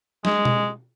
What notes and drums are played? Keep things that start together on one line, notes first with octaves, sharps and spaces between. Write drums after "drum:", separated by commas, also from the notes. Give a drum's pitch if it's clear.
G#3, drum: snare
drum: tom B2